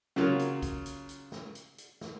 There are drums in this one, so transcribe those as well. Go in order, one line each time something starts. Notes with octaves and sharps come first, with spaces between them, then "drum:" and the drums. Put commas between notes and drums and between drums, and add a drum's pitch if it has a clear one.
C#3 F#3 A#3 F4, drum: snare
drum: hi-hat
drum: kick, hi-hat
drum: hi-hat
drum: hi-hat
drum: snare
drum: hi-hat
drum: hi-hat
drum: snare